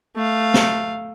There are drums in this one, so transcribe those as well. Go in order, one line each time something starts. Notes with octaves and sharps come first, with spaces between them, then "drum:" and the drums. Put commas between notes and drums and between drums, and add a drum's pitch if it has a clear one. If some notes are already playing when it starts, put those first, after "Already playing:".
A3 F5
drum: snare